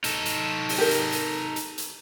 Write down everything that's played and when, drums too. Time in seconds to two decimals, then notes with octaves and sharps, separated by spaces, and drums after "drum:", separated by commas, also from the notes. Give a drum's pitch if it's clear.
0.04 D#4 A4, drum: hi-hat
0.26 drum: hi-hat
0.69 drum: open hi-hat
0.78 G4 A#4
0.91 drum: hi-hat
1.13 drum: hi-hat
1.56 drum: hi-hat
1.78 drum: hi-hat